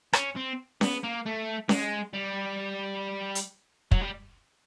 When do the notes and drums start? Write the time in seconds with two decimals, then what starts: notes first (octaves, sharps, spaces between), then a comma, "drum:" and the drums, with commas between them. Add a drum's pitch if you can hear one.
0.13 C#4, drum: rim click
0.36 C4
0.81 B3, drum: snare C#4
1.03 A#3
1.26 A3
1.69 G#3, drum: snare C#4
2.13 G3
3.35 drum: hi-hat
3.91 F#3, drum: kick
4.01 G3